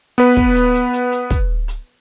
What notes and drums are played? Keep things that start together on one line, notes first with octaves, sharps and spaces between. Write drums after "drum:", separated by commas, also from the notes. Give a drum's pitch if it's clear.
B3 B4
drum: kick
drum: hi-hat
drum: hi-hat
drum: hi-hat
drum: hi-hat
drum: kick, hi-hat
drum: hi-hat